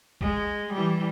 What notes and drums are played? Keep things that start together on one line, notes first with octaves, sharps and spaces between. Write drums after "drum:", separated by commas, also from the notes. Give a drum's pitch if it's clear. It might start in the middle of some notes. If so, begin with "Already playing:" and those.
G#3, drum: kick
E3 G3